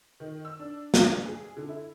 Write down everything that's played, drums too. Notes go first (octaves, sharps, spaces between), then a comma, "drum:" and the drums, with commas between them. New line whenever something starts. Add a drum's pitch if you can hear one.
D#3
E6
D4
G2, drum: snare
G#4
D3
E4